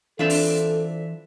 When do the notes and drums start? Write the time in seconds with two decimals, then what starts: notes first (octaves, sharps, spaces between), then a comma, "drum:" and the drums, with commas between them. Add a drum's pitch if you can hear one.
0.19 E3 C4 D4 F4 A4 E5
0.30 drum: open hi-hat